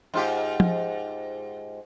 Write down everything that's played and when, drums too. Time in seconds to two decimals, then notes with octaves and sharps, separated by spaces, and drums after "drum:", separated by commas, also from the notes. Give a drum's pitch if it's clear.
0.14 G#2 F4 G4
0.60 drum: tom F3